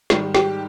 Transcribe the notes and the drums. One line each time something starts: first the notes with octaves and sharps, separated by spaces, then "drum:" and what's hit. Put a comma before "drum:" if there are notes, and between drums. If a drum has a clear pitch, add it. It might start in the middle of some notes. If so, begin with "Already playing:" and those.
G#2 D#3 G3, drum: snare
G4, drum: snare